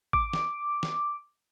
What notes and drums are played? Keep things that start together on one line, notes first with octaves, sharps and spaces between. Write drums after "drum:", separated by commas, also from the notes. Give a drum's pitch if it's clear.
D6, drum: kick A1
drum: snare
drum: snare